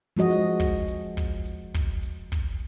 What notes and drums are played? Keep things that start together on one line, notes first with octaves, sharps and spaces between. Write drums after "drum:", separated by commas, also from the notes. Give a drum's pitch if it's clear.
F3 G#3 F#4 D#5
drum: hi-hat
drum: kick, hi-hat
drum: hi-hat
drum: kick, hi-hat
drum: hi-hat
drum: kick
drum: hi-hat
drum: kick, hi-hat